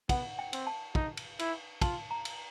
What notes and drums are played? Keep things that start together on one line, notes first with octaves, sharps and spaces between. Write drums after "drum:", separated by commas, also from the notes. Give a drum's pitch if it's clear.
B3 F#5, drum: kick, cymbal
G5
C4, drum: cymbal
A5
D#4, drum: kick
drum: cymbal
E4, drum: cymbal
F4 A5, drum: kick, cymbal
A#5
drum: cymbal